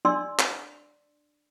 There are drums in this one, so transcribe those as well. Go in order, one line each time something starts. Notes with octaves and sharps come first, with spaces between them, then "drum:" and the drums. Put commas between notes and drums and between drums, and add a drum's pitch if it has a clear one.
D4 D5 C6 E6
drum: clap